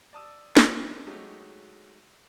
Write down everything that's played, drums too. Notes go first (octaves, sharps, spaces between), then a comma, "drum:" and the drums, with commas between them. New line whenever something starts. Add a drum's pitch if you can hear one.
D5 A5 D#6 E6
drum: snare
F#3 G#3 A3 D#4 G4